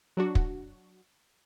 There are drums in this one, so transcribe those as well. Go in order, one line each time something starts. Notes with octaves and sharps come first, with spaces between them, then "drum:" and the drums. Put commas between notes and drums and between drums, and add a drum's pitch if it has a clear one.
F#3 D4 F#4
drum: kick